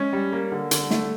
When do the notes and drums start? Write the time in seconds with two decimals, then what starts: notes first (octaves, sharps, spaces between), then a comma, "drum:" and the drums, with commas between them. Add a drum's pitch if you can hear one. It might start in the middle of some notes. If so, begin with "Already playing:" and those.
Already playing: G#3 C#4
0.13 G3
0.32 A#3
0.52 D3
0.71 D3 G3, drum: hi-hat
0.91 A3, drum: snare